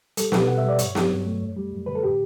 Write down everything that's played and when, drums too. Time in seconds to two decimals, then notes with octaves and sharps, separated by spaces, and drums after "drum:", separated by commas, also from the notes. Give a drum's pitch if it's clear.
0.17 G3 A4, drum: hi-hat
0.32 B2 B4, drum: snare
0.47 B2 F#5
0.58 E5
0.64 G3 D5
0.79 G2 C#5, drum: hi-hat
0.95 F#3, drum: snare
1.10 G2
1.26 A3
1.41 F#2
1.57 G3
1.73 F#2
1.86 D3 B4
1.95 A4
2.03 A2 G4